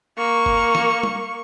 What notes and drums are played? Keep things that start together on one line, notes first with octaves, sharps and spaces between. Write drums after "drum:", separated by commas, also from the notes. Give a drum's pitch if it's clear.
A#3 C#6
drum: kick
drum: snare
drum: tom